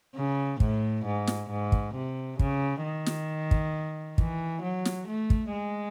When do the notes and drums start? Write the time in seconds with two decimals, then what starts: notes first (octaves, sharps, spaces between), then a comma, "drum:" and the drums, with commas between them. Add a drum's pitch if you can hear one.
0.16 C#3
0.60 A2, drum: kick
1.05 G#2
1.27 drum: snare
1.50 G#2
1.72 drum: kick
1.95 C3
2.39 C#3, drum: kick
2.84 D#3
3.06 drum: snare
3.51 drum: kick
4.18 E3, drum: kick
4.62 F#3
4.85 drum: snare
5.07 A3
5.30 drum: kick
5.52 G#3